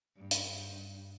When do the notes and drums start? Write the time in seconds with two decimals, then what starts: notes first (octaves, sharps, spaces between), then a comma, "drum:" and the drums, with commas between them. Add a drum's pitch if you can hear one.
0.17 G2
0.31 drum: hi-hat